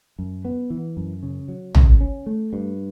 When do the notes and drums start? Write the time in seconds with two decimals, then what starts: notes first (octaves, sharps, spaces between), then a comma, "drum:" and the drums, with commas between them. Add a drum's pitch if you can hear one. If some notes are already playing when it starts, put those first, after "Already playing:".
0.19 F#2
0.45 B3
0.70 E3
0.97 F#2
1.23 C#3
1.48 F#3
1.75 C#3, drum: tom A#1
2.01 C#4
2.26 A3
2.53 G2